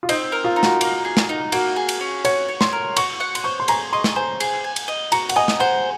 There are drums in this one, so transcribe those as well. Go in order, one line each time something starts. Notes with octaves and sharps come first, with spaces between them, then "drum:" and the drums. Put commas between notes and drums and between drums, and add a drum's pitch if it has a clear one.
F4
C4 D#4, drum: cymbal
A#4
F4
D#4
F#4, drum: snare
A#3, drum: cymbal
G#4
drum: snare
D#4
A#3 F#4, drum: cymbal
G#4
drum: cymbal
C#4
F#4 C#5, drum: cymbal
C#5
C6, drum: snare
A#4
F#4 C#6, drum: cymbal
F#5
C6, drum: cymbal
C5 C#6
C6
G#4 A#5, drum: cymbal
D#5 C6
drum: snare
C5 G#5
G#4, drum: cymbal
G#5
drum: cymbal
D#5
F#4 A#5, drum: cymbal
F#5, drum: cymbal
D#5 G#5
drum: snare
C5 F#5